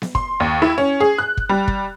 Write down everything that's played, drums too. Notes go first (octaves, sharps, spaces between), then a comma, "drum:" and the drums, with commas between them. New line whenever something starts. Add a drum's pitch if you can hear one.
drum: snare B3
C6, drum: kick
D#2
E4
C#4
G#4
F#6
drum: kick
G3
drum: kick